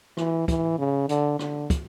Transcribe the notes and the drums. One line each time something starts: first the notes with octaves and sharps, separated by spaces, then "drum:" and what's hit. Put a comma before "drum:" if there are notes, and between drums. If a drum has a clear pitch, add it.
E3, drum: rim click
E3, drum: kick, hi-hat
C#3
D3, drum: hi-hat
D3, drum: rim click
drum: kick, hi-hat